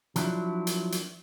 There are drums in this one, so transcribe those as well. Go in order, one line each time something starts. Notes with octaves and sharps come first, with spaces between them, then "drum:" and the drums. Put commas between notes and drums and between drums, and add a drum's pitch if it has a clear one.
F3 F#3 D4 E4, drum: hi-hat
drum: hi-hat
drum: hi-hat